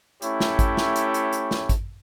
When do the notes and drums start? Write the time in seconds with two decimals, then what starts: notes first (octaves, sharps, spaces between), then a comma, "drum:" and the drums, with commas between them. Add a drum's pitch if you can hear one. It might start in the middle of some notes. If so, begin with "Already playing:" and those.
0.22 A3 C#4 E4 G4 C#5, drum: hi-hat
0.40 drum: snare
0.59 drum: kick G#1, hi-hat
0.77 drum: snare
0.96 drum: hi-hat
1.14 drum: hi-hat
1.33 drum: hi-hat
1.51 drum: snare
1.69 drum: kick G#1, hi-hat